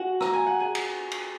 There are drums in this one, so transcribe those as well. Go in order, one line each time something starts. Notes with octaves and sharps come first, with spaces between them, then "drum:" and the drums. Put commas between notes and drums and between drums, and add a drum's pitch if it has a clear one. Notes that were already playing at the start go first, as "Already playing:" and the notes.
Already playing: F#4 F#5 G#5
A#5, drum: rim click
G#5
F#5
G#4 G#5
drum: cymbal
drum: cymbal